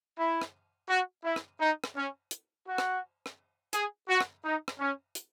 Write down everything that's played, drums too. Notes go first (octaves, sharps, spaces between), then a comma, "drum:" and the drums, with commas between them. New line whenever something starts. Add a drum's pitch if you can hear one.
E4
drum: rim click
F#4
E4
drum: rim click
D#4
drum: rim click
C#4
drum: hi-hat
F#4
drum: rim click
drum: rim click
G#4, drum: hi-hat
F#4
drum: rim click
D#4
drum: rim click
C#4
drum: hi-hat